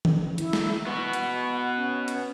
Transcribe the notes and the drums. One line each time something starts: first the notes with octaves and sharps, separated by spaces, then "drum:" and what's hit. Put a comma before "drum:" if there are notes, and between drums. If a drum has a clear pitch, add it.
drum: tom D#3
E4, drum: hi-hat
drum: snare
B3 F#4 C#6
F#5, drum: hi-hat
C#4
drum: hi-hat